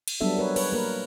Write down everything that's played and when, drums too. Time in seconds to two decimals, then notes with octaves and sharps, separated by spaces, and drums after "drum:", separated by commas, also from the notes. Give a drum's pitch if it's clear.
0.08 drum: cymbal
0.21 F#3 G3 B3 D4 A4 E5
0.38 A#4 B4 C#5
0.56 B4 C#5, drum: cymbal
0.72 A#3 A#4 B4